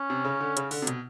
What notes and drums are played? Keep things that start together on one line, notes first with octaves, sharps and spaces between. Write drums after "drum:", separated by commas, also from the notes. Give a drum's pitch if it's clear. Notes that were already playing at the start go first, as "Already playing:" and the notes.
Already playing: C#4
C3
C#3
D3
C#3, drum: hi-hat
D3, drum: open hi-hat
C3
B2, drum: hi-hat